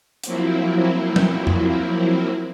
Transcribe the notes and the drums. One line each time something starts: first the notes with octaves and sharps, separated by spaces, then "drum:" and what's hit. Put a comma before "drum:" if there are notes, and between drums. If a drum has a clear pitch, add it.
F3 F#3 A#3 C4 E4, drum: hi-hat
drum: tom F#3
drum: tom F2